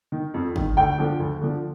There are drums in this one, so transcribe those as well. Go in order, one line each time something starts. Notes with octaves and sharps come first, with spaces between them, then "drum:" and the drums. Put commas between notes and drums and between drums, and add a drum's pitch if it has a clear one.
D#3
F2
D#3, drum: kick
D2 G5
D3 F3
D2
D3 F3